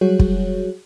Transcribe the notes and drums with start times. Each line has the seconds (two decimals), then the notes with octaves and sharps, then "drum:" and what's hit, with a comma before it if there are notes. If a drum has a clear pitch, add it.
0.01 F#3 G3 F#4 G#4 C#5
0.19 drum: kick